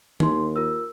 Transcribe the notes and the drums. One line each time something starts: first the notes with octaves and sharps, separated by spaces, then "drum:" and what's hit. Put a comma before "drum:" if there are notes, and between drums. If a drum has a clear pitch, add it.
D#2 D#4 C6, drum: tom
F4 A#4 E6